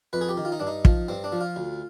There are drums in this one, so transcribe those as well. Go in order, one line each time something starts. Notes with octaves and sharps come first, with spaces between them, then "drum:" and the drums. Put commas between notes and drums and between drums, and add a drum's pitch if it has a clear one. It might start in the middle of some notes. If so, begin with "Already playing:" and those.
F2 B4
G#4
G4
D#3
F4
D#4
G2 D4
D#4
F3, drum: kick
G2 C4
D4
F3
F4
D2